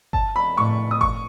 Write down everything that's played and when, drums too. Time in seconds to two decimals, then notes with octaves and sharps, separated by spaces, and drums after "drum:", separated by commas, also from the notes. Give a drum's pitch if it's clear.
0.13 A5, drum: kick G1
0.36 B5
0.56 A2 C#6
0.91 D#6
1.01 C#6, drum: kick G1